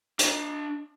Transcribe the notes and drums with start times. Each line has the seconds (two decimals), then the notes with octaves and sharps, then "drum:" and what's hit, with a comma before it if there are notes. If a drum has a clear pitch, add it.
0.19 D4 D#5, drum: hi-hat